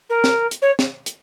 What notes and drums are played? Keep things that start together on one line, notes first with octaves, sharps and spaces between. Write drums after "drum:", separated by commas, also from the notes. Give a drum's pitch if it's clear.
A#4
drum: snare
drum: hi-hat
C#5
drum: snare
drum: hi-hat